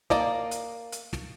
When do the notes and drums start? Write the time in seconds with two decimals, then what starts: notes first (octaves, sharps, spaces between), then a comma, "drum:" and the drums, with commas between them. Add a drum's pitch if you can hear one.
0.10 A#3 D5 D#5, drum: snare
0.51 drum: hi-hat
0.92 drum: hi-hat
1.13 drum: snare